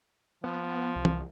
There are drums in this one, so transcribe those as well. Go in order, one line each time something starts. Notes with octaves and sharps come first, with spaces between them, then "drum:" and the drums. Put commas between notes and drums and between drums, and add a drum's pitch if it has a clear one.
F3 B3
C2
drum: tom